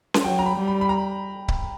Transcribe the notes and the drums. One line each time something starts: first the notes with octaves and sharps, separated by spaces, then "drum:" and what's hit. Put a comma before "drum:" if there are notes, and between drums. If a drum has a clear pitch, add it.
drum: snare C#4
F#3 G5
A#5
B5
G3
B5
B5
A#5
drum: kick C#1